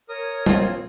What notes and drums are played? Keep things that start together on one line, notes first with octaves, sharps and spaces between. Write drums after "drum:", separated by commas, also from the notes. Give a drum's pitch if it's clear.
A#4 C#5 D#6
A#1 C4 F4, drum: tom G3